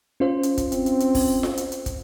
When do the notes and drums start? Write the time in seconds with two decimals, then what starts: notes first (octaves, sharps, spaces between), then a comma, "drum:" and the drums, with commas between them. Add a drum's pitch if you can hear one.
0.20 C#4 F4 C5
0.43 drum: hi-hat
0.58 drum: kick, hi-hat
0.72 C4, drum: hi-hat
0.86 drum: hi-hat
1.00 drum: hi-hat
1.15 drum: kick, open hi-hat
1.43 drum: snare F4
1.57 drum: hi-hat
1.72 drum: hi-hat
1.86 drum: kick, hi-hat